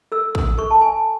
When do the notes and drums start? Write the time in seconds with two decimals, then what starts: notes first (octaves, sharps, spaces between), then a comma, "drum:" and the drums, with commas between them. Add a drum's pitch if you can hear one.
0.12 A4 E6
0.35 D#6, drum: kick
0.58 A4 C#6
0.71 A5
0.81 G#5